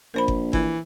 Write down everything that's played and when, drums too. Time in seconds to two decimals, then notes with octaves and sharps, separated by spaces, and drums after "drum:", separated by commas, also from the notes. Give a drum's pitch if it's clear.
0.14 A#1 A#4 C5 B5
0.28 drum: kick G1
0.53 E3, drum: kick G1